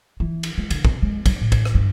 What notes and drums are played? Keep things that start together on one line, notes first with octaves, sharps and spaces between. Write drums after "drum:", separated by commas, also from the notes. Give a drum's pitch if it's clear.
E3
drum: cymbal
G#3
D3, drum: cymbal
C3, drum: kick
G#3
G3, drum: kick, cymbal
A2
drum: kick, cymbal
drum: rim click
G2